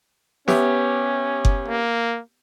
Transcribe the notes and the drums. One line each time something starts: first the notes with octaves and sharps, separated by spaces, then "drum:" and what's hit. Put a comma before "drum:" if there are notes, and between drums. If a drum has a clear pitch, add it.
B3 C#4 G4 E5, drum: snare
drum: kick F#1
A#3